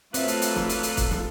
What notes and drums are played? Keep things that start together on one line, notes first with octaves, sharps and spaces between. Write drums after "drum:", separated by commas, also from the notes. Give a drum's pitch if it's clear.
F#3 A3 A#3 C4 F4 A4 B4 E5, drum: hi-hat
drum: hi-hat
drum: hi-hat
drum: snare
drum: hi-hat
drum: hi-hat
drum: kick, hi-hat
drum: snare